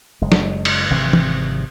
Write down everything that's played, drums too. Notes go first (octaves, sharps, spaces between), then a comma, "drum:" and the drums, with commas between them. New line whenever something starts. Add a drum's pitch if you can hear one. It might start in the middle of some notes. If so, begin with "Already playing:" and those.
F#1 G#3
drum: snare
drum: cymbal
G#1 C3 E3 F3
drum: tom